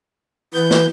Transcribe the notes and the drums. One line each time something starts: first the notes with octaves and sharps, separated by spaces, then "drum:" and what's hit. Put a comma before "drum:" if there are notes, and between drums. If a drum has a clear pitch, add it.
E3 B4 G6
drum: snare